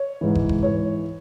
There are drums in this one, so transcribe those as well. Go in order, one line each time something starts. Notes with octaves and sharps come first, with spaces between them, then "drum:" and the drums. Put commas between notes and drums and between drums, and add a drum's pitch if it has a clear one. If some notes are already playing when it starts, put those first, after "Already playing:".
Already playing: C#5
G#2 E3
drum: kick
drum: kick
G#2 E3 C#5